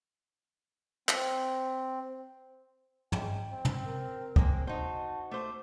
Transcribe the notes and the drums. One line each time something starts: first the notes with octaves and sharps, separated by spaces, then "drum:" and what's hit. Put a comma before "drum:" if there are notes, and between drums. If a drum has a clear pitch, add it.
C4, drum: clap
G#3 G5, drum: tom
C4
drum: tom
A#4
G#3 A#3 C4, drum: kick C#2
D#4 F#4 C5 A5
A3 C5 D6